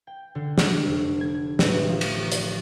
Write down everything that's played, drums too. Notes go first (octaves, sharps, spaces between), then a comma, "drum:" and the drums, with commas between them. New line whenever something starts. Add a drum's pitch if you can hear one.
G5
D3
drum: snare
F1
G#6
A1, drum: snare
F3
drum: cymbal
drum: hi-hat